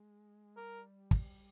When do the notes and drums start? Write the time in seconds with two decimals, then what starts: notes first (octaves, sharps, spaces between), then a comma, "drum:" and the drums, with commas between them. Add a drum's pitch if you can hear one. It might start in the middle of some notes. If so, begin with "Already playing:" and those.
Already playing: G#3
0.57 G3 A#4
1.11 drum: kick